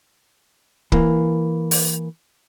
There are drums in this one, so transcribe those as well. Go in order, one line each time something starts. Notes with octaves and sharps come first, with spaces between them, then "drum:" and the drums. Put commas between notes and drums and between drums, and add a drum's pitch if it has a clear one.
E3 A#3, drum: kick
drum: open hi-hat